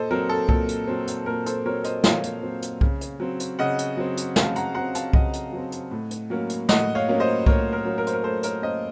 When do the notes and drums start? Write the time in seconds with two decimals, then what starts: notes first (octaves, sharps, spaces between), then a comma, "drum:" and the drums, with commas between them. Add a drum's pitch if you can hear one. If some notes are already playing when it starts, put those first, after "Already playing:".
Already playing: A#2 A4 C5 D#5
0.11 F#3 C4 A#4
0.29 A4
0.49 A#2 A4, drum: kick C2
0.69 drum: hi-hat
0.88 F#3 C4
1.07 drum: hi-hat
1.26 A#2 A#4
1.46 A4 C5, drum: hi-hat
1.66 F#3 C4 A#4 C#5
1.84 C5 D#5, drum: hi-hat
2.04 A#2 C#5 F5, drum: snare
2.23 drum: hi-hat
2.43 F#3 C4
2.62 drum: hi-hat
2.81 C#3, drum: kick C2
3.01 drum: hi-hat
3.20 F#3 C4
3.40 drum: hi-hat
3.59 C#3 D#5 F#5
3.78 drum: hi-hat
3.97 F#3 C4
4.17 drum: hi-hat
4.36 C#3 F5 A5, drum: snare
4.56 F#5 A#5, drum: hi-hat
4.75 F#3 C4 F#5 A#5
4.95 F5 A5, drum: hi-hat
5.13 C#3 D#5 F#5, drum: kick C2
5.33 drum: hi-hat
5.53 F#3 C4
5.72 drum: hi-hat
5.91 A2
6.11 drum: hi-hat
6.30 F#3 A#3 C#4
6.50 drum: hi-hat
6.69 A2 D#5 F#5, drum: snare
6.95 C#5 F5
7.08 F#3 A#3 C#4
7.20 C5 D#5
7.46 A2 A#4 C#5, drum: kick C2
7.73 A#4
7.85 F#3 A#3 C#4
7.98 A#4
8.07 C5, drum: hi-hat
8.13 A#4
8.24 A2 A4 C5
8.43 A#4 C#5, drum: hi-hat
8.62 F#3 A#3 C#4 C5 D#5